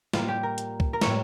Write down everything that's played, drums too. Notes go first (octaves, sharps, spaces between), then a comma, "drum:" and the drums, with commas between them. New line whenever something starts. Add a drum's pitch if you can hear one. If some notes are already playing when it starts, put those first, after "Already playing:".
A2 G3 A#3 F4, drum: snare
G4
A#4
drum: hi-hat
drum: kick
A#4
A2 G3 A#3 C#5, drum: snare